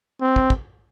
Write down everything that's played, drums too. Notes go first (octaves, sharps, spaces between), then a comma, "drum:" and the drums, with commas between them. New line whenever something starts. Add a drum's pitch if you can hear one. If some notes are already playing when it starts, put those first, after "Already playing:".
C4
drum: kick
drum: kick